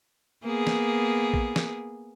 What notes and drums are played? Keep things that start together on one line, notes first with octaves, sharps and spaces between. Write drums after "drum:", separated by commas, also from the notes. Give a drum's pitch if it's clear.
A#3 B3 G#4
drum: snare
drum: kick A#1
drum: snare